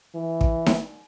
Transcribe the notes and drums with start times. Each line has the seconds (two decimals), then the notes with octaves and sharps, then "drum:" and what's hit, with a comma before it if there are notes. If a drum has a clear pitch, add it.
0.15 E3
0.41 drum: kick
0.66 drum: snare D#4